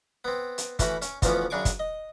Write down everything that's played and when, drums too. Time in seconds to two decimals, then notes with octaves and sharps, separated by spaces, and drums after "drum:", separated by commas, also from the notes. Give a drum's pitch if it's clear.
0.25 B3 C4
0.58 drum: hi-hat
0.79 E3 A3 C#4 E4 F#4 B5, drum: kick, hi-hat
1.02 C#4, drum: hi-hat
1.22 D2 E3 F3 A3 B3 C#4, drum: kick, hi-hat
1.50 F#2 C#3 D4 G#5 C#6 D6
1.65 drum: kick, hi-hat
1.80 D#5